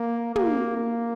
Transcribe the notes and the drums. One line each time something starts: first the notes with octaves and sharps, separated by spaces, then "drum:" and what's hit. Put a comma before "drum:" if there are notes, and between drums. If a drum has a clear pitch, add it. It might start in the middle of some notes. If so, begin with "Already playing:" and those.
Already playing: A#3
A#3, drum: tom
A#3